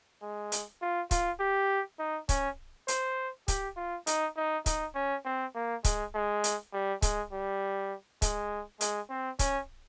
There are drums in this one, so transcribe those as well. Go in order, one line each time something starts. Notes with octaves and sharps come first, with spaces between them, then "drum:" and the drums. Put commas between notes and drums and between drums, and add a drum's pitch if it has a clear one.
G#3
drum: hi-hat
F4
F4, drum: kick C#1, hi-hat
G4
D#4
C#4, drum: kick C#1, hi-hat
C5, drum: hi-hat
G4, drum: kick C#1, hi-hat
F4
D#4, drum: hi-hat
D#4
D#4, drum: kick C#1, hi-hat
C#4
C4
A#3
G#3, drum: kick C#1, hi-hat
G#3
drum: hi-hat
G3
G#3, drum: kick C#1, hi-hat
G3
G#3, drum: kick C#1, hi-hat
G#3, drum: hi-hat
C4
C#4, drum: kick C#1, hi-hat